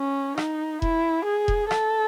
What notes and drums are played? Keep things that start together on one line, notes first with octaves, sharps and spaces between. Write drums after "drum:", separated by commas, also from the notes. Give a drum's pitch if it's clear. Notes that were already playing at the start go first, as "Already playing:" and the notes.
Already playing: C#4
D#4, drum: rim click
E4, drum: kick E1
G#4
drum: kick E1
A4, drum: rim click